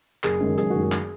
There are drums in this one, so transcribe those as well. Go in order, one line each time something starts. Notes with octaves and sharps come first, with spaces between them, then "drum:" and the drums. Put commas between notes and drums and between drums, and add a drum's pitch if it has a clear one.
F#1 G#4, drum: clap
F#2 D#3 G#3
F#1 G#4, drum: hi-hat
F#4
F#2 D#3 G#3
G#4
drum: clap